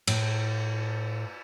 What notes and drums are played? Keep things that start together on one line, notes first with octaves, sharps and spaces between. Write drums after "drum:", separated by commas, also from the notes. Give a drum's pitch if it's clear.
A2, drum: cymbal